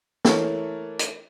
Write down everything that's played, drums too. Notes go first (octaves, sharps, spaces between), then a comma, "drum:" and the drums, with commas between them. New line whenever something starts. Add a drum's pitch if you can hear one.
E3 A3 A4 A#4 C#5, drum: snare
drum: hi-hat